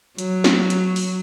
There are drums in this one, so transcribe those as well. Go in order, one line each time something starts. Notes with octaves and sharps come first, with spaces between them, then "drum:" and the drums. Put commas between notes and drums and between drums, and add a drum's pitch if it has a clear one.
F#3, drum: hi-hat
drum: snare
drum: hi-hat
drum: open hi-hat